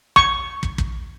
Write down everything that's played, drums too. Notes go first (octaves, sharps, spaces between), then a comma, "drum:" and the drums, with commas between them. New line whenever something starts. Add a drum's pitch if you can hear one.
C#6, drum: kick
drum: kick
drum: kick